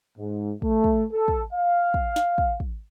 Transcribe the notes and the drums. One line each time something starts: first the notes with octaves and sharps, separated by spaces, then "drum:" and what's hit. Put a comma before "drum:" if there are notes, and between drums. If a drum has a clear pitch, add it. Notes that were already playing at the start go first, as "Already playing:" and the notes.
G#2
A3, drum: kick
drum: kick
A4
drum: kick
F5
drum: kick
drum: snare
drum: kick
drum: kick